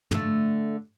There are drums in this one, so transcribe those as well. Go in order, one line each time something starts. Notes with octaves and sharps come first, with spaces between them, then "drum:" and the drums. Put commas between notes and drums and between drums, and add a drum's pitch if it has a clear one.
D3 A3, drum: tom